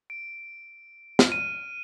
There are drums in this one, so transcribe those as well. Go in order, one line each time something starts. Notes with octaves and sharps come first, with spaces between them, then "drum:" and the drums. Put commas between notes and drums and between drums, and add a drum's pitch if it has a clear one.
D7
F6, drum: snare
D#7